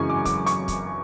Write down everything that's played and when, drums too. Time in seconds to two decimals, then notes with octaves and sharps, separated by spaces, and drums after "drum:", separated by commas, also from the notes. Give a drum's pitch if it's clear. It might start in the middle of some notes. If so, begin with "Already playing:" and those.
Already playing: F#2 C#3 E3 G#3 G#5 C#6
0.09 D6
0.25 D6, drum: kick, hi-hat
0.46 C#6, drum: hi-hat
0.68 drum: kick, hi-hat